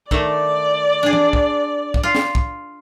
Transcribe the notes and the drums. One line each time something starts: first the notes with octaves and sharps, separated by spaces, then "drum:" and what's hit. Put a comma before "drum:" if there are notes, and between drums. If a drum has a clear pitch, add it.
D#3 A3 D5, drum: kick
D4 G#4
drum: tom E3
drum: kick
drum: kick
F4
drum: snare
drum: kick